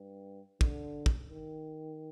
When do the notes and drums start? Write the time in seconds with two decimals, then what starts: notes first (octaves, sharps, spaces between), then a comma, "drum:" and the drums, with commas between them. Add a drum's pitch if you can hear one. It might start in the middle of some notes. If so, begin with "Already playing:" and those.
Already playing: G2
0.61 D3, drum: kick
1.06 drum: kick
1.29 D#3